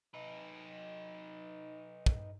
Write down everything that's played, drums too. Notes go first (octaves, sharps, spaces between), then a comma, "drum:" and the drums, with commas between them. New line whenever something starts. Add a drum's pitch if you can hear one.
D#4 B4
drum: kick